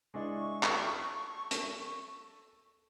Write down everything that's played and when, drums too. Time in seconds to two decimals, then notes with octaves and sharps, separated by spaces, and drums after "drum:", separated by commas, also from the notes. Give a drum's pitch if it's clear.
0.14 G#3 D4 E4 C#6
0.63 A4 A5, drum: clap
1.51 drum: hi-hat